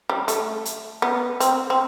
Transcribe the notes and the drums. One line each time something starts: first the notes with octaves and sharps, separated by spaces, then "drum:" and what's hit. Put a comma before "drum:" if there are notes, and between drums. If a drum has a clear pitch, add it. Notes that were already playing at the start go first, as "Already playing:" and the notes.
G3
A3, drum: hi-hat
drum: hi-hat
B3
C4, drum: hi-hat
C4